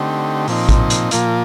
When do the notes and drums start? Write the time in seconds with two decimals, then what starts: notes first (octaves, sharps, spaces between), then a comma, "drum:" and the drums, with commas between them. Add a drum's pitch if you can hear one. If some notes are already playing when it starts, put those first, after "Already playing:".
Already playing: D3 A3 C4 D#4 G4
0.48 A#2 F3 C4 D#4, drum: open hi-hat
0.69 drum: kick A1, hi-hat
0.90 drum: hi-hat
1.11 A#2 F3 A#3 F4, drum: hi-hat